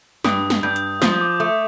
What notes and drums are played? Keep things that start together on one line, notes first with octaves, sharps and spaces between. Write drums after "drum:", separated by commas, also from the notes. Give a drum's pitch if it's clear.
G2 D#6, drum: snare
drum: snare
G2 G6
drum: hi-hat
F3 D#6, drum: snare
D6
A3 D#6